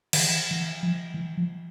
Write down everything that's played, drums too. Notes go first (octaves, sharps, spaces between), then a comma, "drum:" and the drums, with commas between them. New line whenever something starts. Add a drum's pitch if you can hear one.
D#3, drum: cymbal
E3
E3
F3
E3
F3